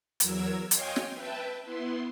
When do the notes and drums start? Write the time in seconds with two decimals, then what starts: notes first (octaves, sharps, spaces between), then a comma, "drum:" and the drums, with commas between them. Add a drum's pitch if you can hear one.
0.20 E2 F#3 A#4 E6 G#6, drum: hi-hat
0.71 C#5 D#5 F5 G5 G#5 C6, drum: hi-hat
0.96 drum: snare
1.14 B4 E5 G5 A5
1.65 B3 E4 C6